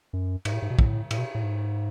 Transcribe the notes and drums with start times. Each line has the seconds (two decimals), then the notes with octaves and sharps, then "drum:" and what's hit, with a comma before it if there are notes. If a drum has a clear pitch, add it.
0.13 F#2
0.45 G#2, drum: cymbal
0.53 A2
0.62 G#2
0.70 B2
0.79 A2, drum: kick
1.11 A2, drum: cymbal
1.18 B2
1.35 A2
1.43 G#2